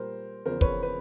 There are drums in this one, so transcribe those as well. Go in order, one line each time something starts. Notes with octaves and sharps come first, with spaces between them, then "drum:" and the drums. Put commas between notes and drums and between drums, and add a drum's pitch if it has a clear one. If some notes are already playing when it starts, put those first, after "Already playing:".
Already playing: A#2 G3 A#4 C5
E2 C#3 F3 A#4 C5
B4 C#5, drum: kick
B4